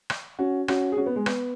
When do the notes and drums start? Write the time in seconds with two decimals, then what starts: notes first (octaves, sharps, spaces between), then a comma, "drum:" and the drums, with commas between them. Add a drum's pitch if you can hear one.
0.10 drum: rim click
0.39 C#4 F#4
0.68 C#4 F#4, drum: rim click
0.92 G#4
0.97 C#4 F#4
1.06 B3
1.16 G#3
1.26 B3, drum: rim click